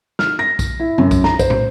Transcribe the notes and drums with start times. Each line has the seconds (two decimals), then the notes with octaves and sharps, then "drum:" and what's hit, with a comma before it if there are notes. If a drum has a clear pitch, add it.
0.19 F6, drum: snare
0.39 A#6
0.59 drum: kick, tambourine
0.80 E4
0.98 F#2, drum: tom C3
1.11 drum: kick, tambourine
1.24 A#5, drum: snare
1.39 C5, drum: kick, tambourine
1.50 drum: tom